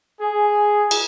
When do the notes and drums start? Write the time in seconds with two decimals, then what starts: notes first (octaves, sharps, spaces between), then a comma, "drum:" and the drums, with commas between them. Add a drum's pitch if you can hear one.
0.21 G#4
0.91 drum: cymbal